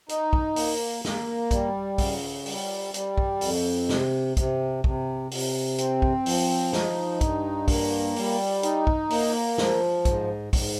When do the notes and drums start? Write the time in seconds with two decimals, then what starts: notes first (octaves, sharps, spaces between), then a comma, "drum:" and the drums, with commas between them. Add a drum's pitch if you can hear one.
0.09 D#4, drum: hi-hat
0.33 drum: kick
0.56 A#3, drum: open hi-hat
1.05 A#3, drum: snare
1.51 G3, drum: kick, hi-hat
1.98 C#3, drum: kick, open hi-hat
2.46 G3, drum: open hi-hat
2.94 G3, drum: hi-hat
3.18 drum: kick
3.41 F2, drum: open hi-hat
3.89 C3, drum: snare
4.37 C3, drum: kick, hi-hat
4.84 C3, drum: kick
5.31 C3, drum: open hi-hat
5.78 C4, drum: hi-hat
6.02 drum: kick
6.26 F3, drum: open hi-hat
6.73 D#4, drum: snare
7.21 G2, drum: kick, hi-hat
7.68 A#3, drum: kick, open hi-hat
8.16 G3, drum: open hi-hat
8.63 D#4, drum: hi-hat
8.87 drum: kick
9.10 A#3, drum: open hi-hat
9.58 F3, drum: snare
10.05 G#2, drum: kick, hi-hat
10.53 G#2, drum: kick, open hi-hat